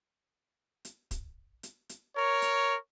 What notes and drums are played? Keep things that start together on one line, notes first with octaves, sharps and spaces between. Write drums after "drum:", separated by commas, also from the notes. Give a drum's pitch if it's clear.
drum: hi-hat
drum: kick, hi-hat
drum: hi-hat
drum: hi-hat
A#4 C#5
drum: hi-hat